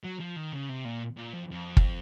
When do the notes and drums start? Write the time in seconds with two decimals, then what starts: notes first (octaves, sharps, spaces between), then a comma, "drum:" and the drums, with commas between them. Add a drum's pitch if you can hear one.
0.04 F#3
0.19 F3
0.36 D#3
0.53 C#3
0.69 C3
0.85 A#2
1.17 A#2
1.34 F2
1.52 F2
1.77 drum: kick